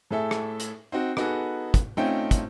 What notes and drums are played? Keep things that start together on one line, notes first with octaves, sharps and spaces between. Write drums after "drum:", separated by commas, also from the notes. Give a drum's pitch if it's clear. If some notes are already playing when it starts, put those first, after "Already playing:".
A2 G#4 A4 E5
drum: rim click
drum: hi-hat
C4 D#4 F#4 C5
B3 D#4 F#4 G#4 A4, drum: rim click
drum: kick, hi-hat
A3 C4 C#4 D#4 F4 G5
drum: kick, hi-hat